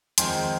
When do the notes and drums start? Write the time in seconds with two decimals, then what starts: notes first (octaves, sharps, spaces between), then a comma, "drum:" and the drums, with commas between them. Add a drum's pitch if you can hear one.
0.18 F2 D#3 G#3 C4 G#5 C6, drum: hi-hat